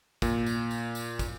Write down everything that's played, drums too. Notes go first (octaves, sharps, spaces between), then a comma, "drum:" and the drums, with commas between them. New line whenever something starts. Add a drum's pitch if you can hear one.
A#2, drum: kick, tambourine
drum: tambourine
drum: tambourine
drum: tambourine
drum: kick, tambourine